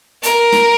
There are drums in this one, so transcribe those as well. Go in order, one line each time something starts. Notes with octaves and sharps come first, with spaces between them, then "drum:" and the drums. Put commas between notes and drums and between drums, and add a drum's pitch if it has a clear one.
A#4, drum: hi-hat
drum: snare